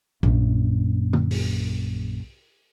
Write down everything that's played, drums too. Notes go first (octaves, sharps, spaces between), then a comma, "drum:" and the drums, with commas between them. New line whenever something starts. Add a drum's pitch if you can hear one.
A#1 F#2, drum: kick
drum: tom D3
drum: open hi-hat